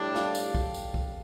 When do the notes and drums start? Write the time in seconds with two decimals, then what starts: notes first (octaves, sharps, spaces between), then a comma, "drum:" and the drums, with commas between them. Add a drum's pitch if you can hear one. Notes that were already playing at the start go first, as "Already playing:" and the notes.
Already playing: A2 G3 D4 G4 A4 G5
0.15 F5, drum: snare
0.35 drum: tambourine
0.55 drum: kick
0.74 drum: tambourine
0.94 drum: kick